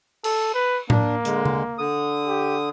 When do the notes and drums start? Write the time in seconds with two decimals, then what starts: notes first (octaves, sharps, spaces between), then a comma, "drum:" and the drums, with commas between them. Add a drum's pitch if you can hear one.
0.24 A4, drum: cymbal
0.54 B4
0.90 A#3 D4, drum: tom A2
1.25 D3 G#3, drum: hi-hat
1.45 drum: tom C#3
1.78 D3 D#6
2.26 G4